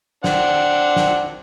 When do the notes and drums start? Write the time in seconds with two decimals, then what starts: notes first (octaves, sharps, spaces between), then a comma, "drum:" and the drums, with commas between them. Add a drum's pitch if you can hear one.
0.24 C4 D4 F#5, drum: snare
0.96 drum: snare